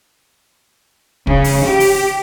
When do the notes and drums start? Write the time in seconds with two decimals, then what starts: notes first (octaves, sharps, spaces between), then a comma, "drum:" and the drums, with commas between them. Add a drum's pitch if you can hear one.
1.27 C#3, drum: kick
1.44 drum: open hi-hat
1.65 G4
1.80 drum: open hi-hat